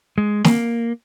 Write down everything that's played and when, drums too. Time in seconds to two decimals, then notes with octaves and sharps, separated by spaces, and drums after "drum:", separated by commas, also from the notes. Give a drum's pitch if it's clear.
0.18 G#3
0.44 A#3, drum: snare